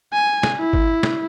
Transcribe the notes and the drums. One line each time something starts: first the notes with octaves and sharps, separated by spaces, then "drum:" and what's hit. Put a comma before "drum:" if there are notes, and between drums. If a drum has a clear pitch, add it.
G#5
drum: snare
E4
drum: kick
drum: snare